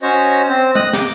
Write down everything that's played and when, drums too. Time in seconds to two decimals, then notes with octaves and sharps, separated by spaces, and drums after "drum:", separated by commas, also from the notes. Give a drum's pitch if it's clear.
0.02 C#4 F#4 C5 C#5 D#5
0.49 C4 C5
0.75 D#5 D#6 F#6, drum: tom G#3
0.93 D6 G6, drum: snare